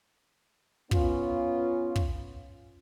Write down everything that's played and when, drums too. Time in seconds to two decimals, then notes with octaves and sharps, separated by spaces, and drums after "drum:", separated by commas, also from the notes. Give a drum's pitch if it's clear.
0.91 B3 C#4 F4, drum: kick
1.96 drum: kick